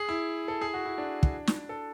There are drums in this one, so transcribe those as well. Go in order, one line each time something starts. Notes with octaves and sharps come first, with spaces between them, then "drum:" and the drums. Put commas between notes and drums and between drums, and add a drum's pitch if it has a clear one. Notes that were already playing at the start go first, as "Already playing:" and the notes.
Already playing: G#4
E4
A4
G#4
F#4
E4
D4
drum: kick
drum: snare
A4